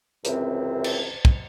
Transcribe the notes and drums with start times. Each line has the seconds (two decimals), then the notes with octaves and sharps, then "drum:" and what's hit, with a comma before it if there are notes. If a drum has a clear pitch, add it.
0.25 C#2 F#2 C3 E3 C4, drum: hi-hat
0.84 drum: cymbal
1.25 drum: kick